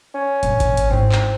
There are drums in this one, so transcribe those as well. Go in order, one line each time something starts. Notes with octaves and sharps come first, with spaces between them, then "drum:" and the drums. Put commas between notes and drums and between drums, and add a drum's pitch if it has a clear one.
C#4
A#1 F#2, drum: hi-hat
drum: kick G#1, hi-hat
drum: hi-hat
G#2 C4 E4
drum: clap